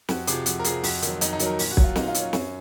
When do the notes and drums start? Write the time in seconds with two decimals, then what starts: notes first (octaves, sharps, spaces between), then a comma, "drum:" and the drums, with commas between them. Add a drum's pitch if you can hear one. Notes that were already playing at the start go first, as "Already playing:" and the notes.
0.09 F2 F#4, drum: snare
0.27 C3 F3 G#4, drum: hi-hat
0.46 F2 F#4, drum: hi-hat
0.59 A#4
0.64 C3 F3 G#4, drum: hi-hat
0.83 F2 F#4, drum: open hi-hat
1.02 D#3 F#3, drum: hi-hat
1.21 F2 D#4, drum: hi-hat
1.33 D#4
1.39 D#3 F#3, drum: hi-hat
1.46 A#4
1.59 A#2, drum: open hi-hat
1.71 F#4
1.77 F#3, drum: kick
1.84 F4
1.96 A#2 D#4, drum: snare
2.08 F4
2.14 F#3, drum: hi-hat
2.20 C#4
2.33 F#2, drum: snare